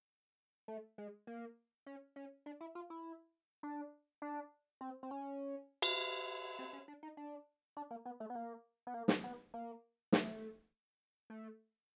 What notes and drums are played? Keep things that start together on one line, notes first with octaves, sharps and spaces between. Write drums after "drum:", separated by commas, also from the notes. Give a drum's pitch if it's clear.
A3
G#3
A#3
C#4
C#4
D4
E4
F4
E4
D4
D4
C4
C4
C#4
drum: cymbal
C4
C#4
D4
D#4
D4
D4
A#3
B3
A3
B3
A#3
B3
A#3
drum: snare
B3
A#3
A3, drum: snare
A3